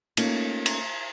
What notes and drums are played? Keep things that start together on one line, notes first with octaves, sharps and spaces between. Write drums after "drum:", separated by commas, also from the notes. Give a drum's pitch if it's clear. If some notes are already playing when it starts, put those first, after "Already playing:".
A3 A#3 C#4 D#4 F4, drum: cymbal
drum: cymbal